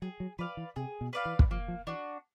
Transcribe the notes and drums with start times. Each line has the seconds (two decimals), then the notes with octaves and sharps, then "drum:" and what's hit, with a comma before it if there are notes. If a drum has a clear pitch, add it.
0.02 F#3 G#4
0.20 F#3
0.39 F3 B4 D5 F5
0.57 E3
0.76 C3 G#4
1.01 B2
1.13 B4 D5 F5
1.25 E3
1.39 drum: kick
1.51 F3 A#3
1.68 F3
1.87 E3 D4 F#4